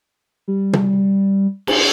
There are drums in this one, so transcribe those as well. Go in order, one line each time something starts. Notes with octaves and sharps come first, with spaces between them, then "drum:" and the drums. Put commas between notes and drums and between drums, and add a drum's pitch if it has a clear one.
G3
drum: tom
drum: cymbal